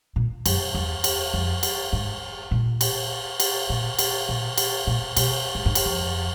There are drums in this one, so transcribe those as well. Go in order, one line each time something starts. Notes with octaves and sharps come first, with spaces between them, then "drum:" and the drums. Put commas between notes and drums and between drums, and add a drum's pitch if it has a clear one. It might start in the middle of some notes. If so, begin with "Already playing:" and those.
A#2
F#2, drum: cymbal
E2
drum: cymbal
F2
drum: cymbal
G#2
A#2
drum: cymbal
drum: cymbal
A#2
drum: cymbal
A#2
drum: cymbal
A#2
B2, drum: cymbal
A2
G#2
drum: cymbal
F2